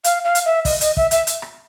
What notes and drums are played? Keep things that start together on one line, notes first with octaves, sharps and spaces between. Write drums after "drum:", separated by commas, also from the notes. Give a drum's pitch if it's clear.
F5, drum: hi-hat
F5
drum: hi-hat
E5
D#5, drum: kick, open hi-hat
D#5, drum: hi-hat
E5, drum: kick
E5, drum: hi-hat
drum: hi-hat
drum: rim click